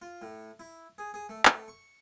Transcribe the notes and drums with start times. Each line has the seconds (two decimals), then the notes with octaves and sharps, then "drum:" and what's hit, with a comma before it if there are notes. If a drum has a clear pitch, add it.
0.02 F4
0.22 A2
0.60 E4
0.98 G#4
1.14 G#4
1.29 A3
1.45 A3, drum: clap
1.68 C#6